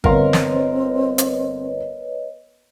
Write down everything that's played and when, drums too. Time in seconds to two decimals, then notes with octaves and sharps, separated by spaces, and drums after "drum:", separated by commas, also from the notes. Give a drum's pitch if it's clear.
0.04 G1 C4 A#4 B4 C#5 D#5 F5 C6, drum: kick G#1
0.33 drum: snare
1.18 drum: hi-hat